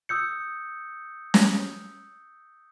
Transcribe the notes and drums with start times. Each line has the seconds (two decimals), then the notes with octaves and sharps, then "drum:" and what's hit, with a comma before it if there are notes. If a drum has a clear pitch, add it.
0.09 D#6 E6 G6 C#7
1.34 drum: snare